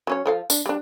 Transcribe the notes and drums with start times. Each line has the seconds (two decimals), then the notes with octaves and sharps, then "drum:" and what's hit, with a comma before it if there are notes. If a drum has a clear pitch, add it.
0.07 F#3 C#4 C#5
0.26 F3 A4 F5
0.50 D4, drum: tambourine
0.66 G3 D4